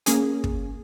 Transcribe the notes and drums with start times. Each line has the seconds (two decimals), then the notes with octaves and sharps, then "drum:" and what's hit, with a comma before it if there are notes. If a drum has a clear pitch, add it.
0.06 A#3 C#4 G#4, drum: hi-hat
0.44 drum: kick